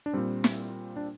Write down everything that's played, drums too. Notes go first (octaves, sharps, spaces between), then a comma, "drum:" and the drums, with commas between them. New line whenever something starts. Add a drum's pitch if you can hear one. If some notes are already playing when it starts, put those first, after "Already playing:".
D4
A#2 G3 C4
drum: snare
D4